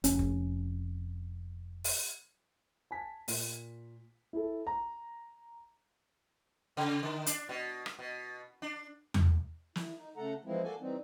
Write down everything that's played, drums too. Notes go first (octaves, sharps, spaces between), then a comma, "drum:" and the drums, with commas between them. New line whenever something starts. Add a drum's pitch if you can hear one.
F1 C#4, drum: hi-hat
drum: kick F#1
drum: open hi-hat
G#5 A5 B6
A#2, drum: open hi-hat
E4 A4
A#5
C#3
D3
D4, drum: hi-hat
B2
drum: rim click
B2
D4
drum: tom E2
E4, drum: snare
D#4
C#3 A3 A4 F#5 A#5
E3 F3 G#3 A#3 C4 E4
A#3 F#4 A4 D5 G#5
E3 G3 C4 D#4